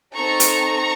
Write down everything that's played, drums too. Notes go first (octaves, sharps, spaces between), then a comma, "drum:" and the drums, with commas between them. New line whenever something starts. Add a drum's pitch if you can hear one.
C4 D#4 A4 A#5 C#6
drum: hi-hat